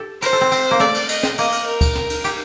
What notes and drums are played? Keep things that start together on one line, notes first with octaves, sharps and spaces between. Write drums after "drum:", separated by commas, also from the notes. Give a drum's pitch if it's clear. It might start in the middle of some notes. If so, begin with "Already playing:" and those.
Already playing: G4 A4
A#4 C5, drum: cymbal
A4
C4
C4, drum: cymbal
A#3
A3 D5, drum: snare
drum: cymbal
D#5, drum: cymbal
drum: snare
A#3 D#5, drum: cymbal
drum: cymbal
A#4
drum: kick, cymbal
drum: snare
drum: cymbal
G4, drum: cymbal